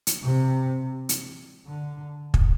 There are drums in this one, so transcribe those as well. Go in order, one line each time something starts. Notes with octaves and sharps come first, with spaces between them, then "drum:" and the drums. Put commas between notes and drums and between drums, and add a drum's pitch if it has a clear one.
drum: hi-hat
C3
drum: hi-hat
D3
drum: kick